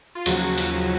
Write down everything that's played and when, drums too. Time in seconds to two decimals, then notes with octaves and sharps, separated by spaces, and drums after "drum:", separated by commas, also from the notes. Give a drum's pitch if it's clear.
0.15 F4
0.26 D#2 C#3 F3 F#3 F#4, drum: cymbal
0.58 drum: cymbal